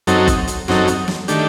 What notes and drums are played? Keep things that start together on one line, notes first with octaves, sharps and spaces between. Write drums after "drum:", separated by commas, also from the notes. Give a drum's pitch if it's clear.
F#2 F#3 C4 D#4 A4, drum: hi-hat
drum: kick G1, hi-hat
drum: hi-hat
F#2 F#3 C4 D#4 A4, drum: snare
drum: hi-hat
drum: snare
D#3 A3 D4 G4, drum: hi-hat